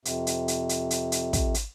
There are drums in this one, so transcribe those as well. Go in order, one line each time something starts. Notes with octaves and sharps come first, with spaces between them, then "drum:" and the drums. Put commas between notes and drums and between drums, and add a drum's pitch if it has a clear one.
F2 C3, drum: hi-hat
drum: hi-hat
drum: hi-hat
drum: hi-hat
drum: hi-hat
drum: hi-hat
drum: kick, hi-hat
drum: hi-hat